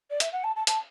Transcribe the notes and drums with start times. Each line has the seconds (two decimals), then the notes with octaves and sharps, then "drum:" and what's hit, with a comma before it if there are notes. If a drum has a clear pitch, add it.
0.10 D5
0.20 E5, drum: hi-hat
0.32 F#5
0.44 A5
0.56 A5
0.67 A5, drum: hi-hat